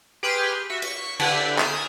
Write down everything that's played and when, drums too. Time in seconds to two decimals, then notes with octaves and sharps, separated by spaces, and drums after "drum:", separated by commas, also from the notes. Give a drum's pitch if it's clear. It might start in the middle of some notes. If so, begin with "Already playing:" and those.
0.23 G4 G#4 B4 G5 C6 F6
0.70 F#4 E5
0.82 C#6 B6, drum: cymbal
1.19 D3 D4 E4 G4 B4, drum: cymbal
1.58 G#5 A#5 D#6 F6 E7, drum: clap